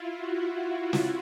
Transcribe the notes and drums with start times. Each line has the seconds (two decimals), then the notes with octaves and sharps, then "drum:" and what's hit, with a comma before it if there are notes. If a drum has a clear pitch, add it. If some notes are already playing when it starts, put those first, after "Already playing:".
Already playing: E4 F4
0.17 F#4
0.93 drum: snare